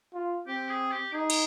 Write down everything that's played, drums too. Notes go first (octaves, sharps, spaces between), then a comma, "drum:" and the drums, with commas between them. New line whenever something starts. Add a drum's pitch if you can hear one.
F4
C4 G4
G#4
G4
D#4 G#4
drum: cymbal